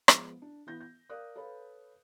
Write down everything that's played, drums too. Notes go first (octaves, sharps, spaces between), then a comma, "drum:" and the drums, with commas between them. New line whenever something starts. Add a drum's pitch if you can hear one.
F3 G#3 B3, drum: rim click
D4
E3 B3 G6 A#6
G6
A#4 D5 F5 D#6 F#6
A4 B4 C#5 F5 B5